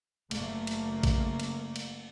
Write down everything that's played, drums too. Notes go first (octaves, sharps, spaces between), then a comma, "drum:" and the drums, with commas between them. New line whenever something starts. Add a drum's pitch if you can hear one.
F#1 C#3 A3 A#3, drum: cymbal
drum: cymbal
drum: kick A1, cymbal
drum: cymbal
drum: cymbal